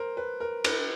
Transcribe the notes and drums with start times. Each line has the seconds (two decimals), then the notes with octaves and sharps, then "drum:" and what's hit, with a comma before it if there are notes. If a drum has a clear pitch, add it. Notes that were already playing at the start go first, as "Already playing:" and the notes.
Already playing: A#4 C5
0.17 B4
0.40 A#4
0.64 B4, drum: cymbal